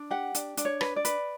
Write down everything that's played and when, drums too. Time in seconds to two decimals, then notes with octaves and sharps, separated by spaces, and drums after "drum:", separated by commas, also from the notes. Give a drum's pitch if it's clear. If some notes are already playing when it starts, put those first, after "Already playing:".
Already playing: D4
0.11 G4 F#5
0.35 D4, drum: hi-hat
0.57 D4, drum: hi-hat
0.65 C#5
0.81 B4, drum: rim click
0.96 D5
1.05 B4, drum: hi-hat